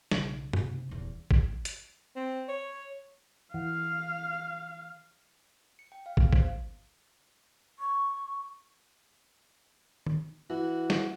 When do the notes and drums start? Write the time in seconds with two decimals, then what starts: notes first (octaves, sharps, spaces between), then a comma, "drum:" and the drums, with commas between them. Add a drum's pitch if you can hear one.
0.11 B1 C#3, drum: snare
0.53 C3, drum: tom
0.89 D#1 E2
1.31 drum: kick
1.65 drum: hi-hat
2.16 C4
2.48 C#5
3.54 E3 F5 F#5
5.79 C#7
5.92 G5
6.06 F5
6.17 B3, drum: kick
6.33 C5, drum: kick
7.79 C#6
10.06 drum: tom
10.50 E3 F#4
10.90 drum: snare